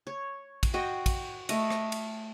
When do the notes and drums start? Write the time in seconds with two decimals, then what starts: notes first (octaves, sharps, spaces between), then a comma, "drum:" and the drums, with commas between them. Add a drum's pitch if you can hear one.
0.07 C#5
0.63 drum: kick, cymbal
0.74 F#4 D#5 G5
1.06 drum: kick, cymbal
1.49 A3 D#5, drum: cymbal
1.71 drum: rim click
1.92 drum: cymbal